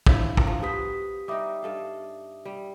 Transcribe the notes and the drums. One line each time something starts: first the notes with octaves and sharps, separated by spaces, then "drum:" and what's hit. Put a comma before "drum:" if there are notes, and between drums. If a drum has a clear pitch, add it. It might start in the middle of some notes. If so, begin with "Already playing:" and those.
F3 F#3 D4 E4, drum: kick
drum: kick
F3 F#4
B3 G4 C5 D#6 B6
G3 D#4 E5 D6 D#6
G2 A4 F5
G3